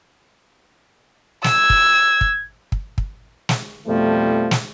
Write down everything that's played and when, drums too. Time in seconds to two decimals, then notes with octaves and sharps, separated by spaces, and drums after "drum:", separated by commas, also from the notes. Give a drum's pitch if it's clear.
1.44 E6 G#6, drum: snare
1.70 drum: kick
2.21 drum: kick
2.72 drum: kick
2.98 drum: kick
3.49 drum: snare
3.87 F2 B2 F3 G3 A3
4.51 drum: snare